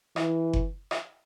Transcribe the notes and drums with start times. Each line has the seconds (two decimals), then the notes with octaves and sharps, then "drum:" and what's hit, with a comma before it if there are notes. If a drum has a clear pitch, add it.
0.16 E3, drum: rim click
0.53 drum: kick F#1
0.91 drum: rim click